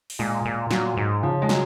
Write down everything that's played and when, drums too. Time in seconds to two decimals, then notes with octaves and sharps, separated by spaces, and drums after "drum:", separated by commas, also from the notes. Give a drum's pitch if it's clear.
0.10 drum: open hi-hat
0.19 A#2 G#3
0.45 A#2
0.71 A#2 F#3, drum: snare
0.97 G#2
1.23 C#3 F3
1.42 G#3
1.49 F#3, drum: snare